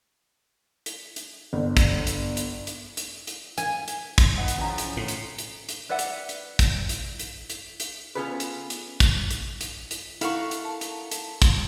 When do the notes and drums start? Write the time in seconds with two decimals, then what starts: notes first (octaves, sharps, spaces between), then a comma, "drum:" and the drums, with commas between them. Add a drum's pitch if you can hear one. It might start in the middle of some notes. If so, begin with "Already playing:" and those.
0.86 drum: hi-hat
1.16 drum: hi-hat
1.53 G1
1.77 drum: kick, hi-hat
2.07 drum: hi-hat
2.37 drum: hi-hat
2.67 drum: hi-hat
2.97 drum: hi-hat
3.27 drum: hi-hat
3.58 G#5, drum: hi-hat
3.88 drum: hi-hat
4.18 drum: kick, hi-hat
4.38 D#3 B3 D#5 F#5
4.48 drum: hi-hat
4.58 C#3 E3 F3 C#4 G#5 A#5
4.78 drum: hi-hat
4.97 A2
5.08 drum: hi-hat
5.38 drum: hi-hat
5.69 drum: hi-hat
5.89 B4 D5 E5 F#5
5.99 drum: hi-hat
6.29 drum: hi-hat
6.59 drum: kick, hi-hat
6.89 drum: hi-hat
7.19 drum: hi-hat
7.50 drum: hi-hat
7.80 drum: hi-hat
8.15 B3 C#4 F4 G#4 A4 B4
8.40 drum: hi-hat
8.70 drum: hi-hat
9.00 drum: kick, hi-hat
9.31 drum: hi-hat
9.61 drum: hi-hat
9.91 drum: hi-hat
10.21 E4 A4 A#4 F5 F#5 C#6, drum: hi-hat
10.51 drum: hi-hat
10.65 A5
10.81 drum: hi-hat
11.11 drum: hi-hat
11.42 drum: kick, hi-hat